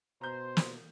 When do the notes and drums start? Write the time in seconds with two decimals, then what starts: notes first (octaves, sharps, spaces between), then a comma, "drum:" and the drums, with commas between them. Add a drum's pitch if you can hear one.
0.21 B2 C5 A#5 G6
0.57 drum: snare